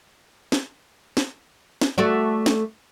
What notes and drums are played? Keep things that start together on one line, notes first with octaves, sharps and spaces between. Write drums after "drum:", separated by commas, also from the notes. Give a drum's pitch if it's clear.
drum: snare
drum: snare
drum: snare
A3 F#4 D5
drum: snare